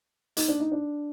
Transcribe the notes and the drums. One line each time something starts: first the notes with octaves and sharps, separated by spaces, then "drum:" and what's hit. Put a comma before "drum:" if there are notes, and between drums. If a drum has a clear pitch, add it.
D#4, drum: hi-hat
D4
D#4
D4